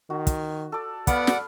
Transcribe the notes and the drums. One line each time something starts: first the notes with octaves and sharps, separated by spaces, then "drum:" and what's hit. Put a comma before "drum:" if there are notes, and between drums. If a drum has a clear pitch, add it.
D#3 F#4
drum: kick, hi-hat
A4 D5
B3 B4 D5 F5 F#5, drum: kick, hi-hat
drum: snare